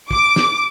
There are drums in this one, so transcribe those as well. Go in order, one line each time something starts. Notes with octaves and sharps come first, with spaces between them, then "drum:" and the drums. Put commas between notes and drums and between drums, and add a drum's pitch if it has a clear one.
D6, drum: kick
drum: snare